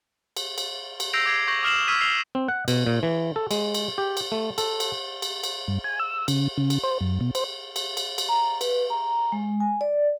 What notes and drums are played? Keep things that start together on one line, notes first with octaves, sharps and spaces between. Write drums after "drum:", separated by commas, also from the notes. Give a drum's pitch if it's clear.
drum: cymbal
drum: cymbal
drum: cymbal
E6 G6 A#6 C7 D7 F7
D6 G#6 C7
C#6 G6 A#6 F#7
D6 D#6 F6 C7 E7 F#7
C#6 E6 F6 G#6 B6 D#7
E6 C7 F7 G7
C4
F#5
B2, drum: cymbal
A#2
E3
A4
G#3, drum: cymbal
drum: cymbal
G4
drum: cymbal
A3
A4, drum: cymbal
drum: cymbal
drum: cymbal
drum: cymbal
G2
G#5
E6
C#3, drum: cymbal
C#3
drum: cymbal
C5
F#2
B2
C5, drum: cymbal
drum: cymbal
drum: cymbal
drum: cymbal
A#5
B4, drum: cymbal
A#5
G#3
G#5
D5